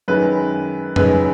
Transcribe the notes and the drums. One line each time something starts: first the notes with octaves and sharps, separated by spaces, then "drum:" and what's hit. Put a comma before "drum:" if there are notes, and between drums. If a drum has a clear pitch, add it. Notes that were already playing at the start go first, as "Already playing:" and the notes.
F#2 D#3 G#3 B4
F#2 D#3 G#3 B4, drum: tom F2